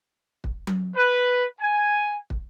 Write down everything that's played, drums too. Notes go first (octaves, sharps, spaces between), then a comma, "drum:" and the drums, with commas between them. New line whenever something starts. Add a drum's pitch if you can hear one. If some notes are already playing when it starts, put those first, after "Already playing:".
drum: kick
drum: tom F#3
B4
G#5
drum: kick